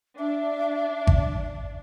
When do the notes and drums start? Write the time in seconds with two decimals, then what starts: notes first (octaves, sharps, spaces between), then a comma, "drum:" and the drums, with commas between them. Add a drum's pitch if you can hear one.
0.19 D4 E5
1.07 drum: kick G#1